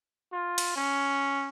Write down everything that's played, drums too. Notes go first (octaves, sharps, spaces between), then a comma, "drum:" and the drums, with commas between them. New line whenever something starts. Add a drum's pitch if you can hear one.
F4
drum: cymbal
C#4